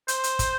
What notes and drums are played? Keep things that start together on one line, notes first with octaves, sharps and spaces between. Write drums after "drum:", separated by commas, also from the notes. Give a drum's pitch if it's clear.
C5, drum: hi-hat
drum: hi-hat
drum: kick, hi-hat